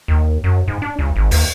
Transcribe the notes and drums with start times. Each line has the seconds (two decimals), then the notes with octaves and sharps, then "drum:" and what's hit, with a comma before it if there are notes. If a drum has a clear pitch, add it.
0.08 D#2
0.44 F#2
0.68 G#2
0.82 D4
0.99 C#2
1.16 G#1
1.31 D#2, drum: open hi-hat